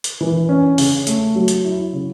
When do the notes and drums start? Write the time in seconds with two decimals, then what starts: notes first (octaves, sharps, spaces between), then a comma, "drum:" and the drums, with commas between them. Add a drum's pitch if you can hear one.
0.04 drum: hi-hat
0.21 E3
0.49 C#4
0.78 C#3, drum: open hi-hat
1.07 A3, drum: hi-hat
1.35 F#3
1.48 drum: hi-hat
1.65 E4
1.93 C#3